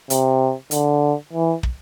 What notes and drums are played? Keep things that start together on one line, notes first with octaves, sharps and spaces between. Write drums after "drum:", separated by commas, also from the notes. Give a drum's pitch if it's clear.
C3, drum: hi-hat
D3, drum: hi-hat
E3
drum: kick